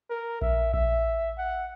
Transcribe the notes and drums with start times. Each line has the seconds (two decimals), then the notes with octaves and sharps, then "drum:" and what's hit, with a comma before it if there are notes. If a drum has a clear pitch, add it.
0.10 A#4
0.42 E5, drum: kick A#1
0.74 E5, drum: kick A#1
1.38 F#5